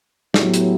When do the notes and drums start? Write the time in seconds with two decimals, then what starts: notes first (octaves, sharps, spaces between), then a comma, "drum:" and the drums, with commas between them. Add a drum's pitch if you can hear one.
0.34 A2 F#3 B3 E4 G4, drum: snare
0.54 drum: hi-hat